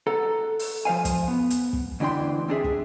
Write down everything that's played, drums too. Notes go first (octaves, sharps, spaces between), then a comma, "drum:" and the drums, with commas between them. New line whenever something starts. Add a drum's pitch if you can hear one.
A4 F#5 A#5
drum: open hi-hat
F3 C5 F5 G#5
drum: kick, hi-hat
B3
drum: hi-hat
drum: kick
D2 E3 D4 A#4 G5 C6
C4 D4 G#4 E5
drum: kick